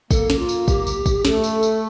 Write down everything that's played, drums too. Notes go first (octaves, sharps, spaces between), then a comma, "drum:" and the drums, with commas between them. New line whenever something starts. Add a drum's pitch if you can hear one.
A#3 A4, drum: kick, tambourine
drum: snare
F4
drum: tambourine
G4, drum: kick, tambourine
drum: tambourine
drum: kick, tambourine
A3 A4, drum: snare
drum: tambourine
drum: tambourine